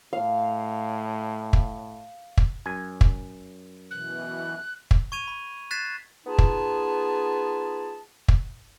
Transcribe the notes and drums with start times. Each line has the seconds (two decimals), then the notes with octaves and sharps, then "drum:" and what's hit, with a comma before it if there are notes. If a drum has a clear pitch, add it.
0.13 A2 F5
1.53 drum: kick
2.37 drum: kick
2.66 F#2 G#5
3.01 drum: kick
3.91 B2 E3 F#6
4.91 drum: kick
5.12 C#6 G#6 D#7 F7
5.28 B5
5.71 F#6 G#6 A6 B6 C7 E7
6.27 B3 D#4 F4 G#4 A5
6.38 drum: kick
8.28 drum: kick